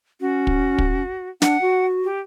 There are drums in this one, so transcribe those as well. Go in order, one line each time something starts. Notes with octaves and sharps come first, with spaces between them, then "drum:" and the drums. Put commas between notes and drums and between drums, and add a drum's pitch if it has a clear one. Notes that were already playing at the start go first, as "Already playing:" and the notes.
C#4 F#4
drum: kick
drum: kick
D4 F#5, drum: snare
F#4
G4